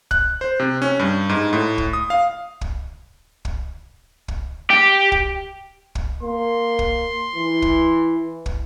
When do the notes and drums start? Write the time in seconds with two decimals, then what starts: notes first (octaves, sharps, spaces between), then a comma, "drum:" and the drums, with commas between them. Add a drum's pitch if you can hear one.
0.11 F#6, drum: kick
0.41 C5
0.60 C3
0.82 C#4
0.99 G2
1.29 G#2
1.53 A2
1.78 drum: kick
1.93 D#6
2.10 F5
2.61 drum: kick
3.45 drum: kick
4.28 drum: kick
4.70 G4
5.12 drum: kick
5.95 drum: kick
6.23 A#3 C6
6.79 drum: kick
7.35 E3
7.62 drum: kick
8.46 drum: kick